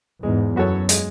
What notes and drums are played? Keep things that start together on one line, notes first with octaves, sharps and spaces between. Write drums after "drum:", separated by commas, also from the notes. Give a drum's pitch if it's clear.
E2 G#2 G#3
F#2 B3 F#4 A4 C#5
G#3, drum: hi-hat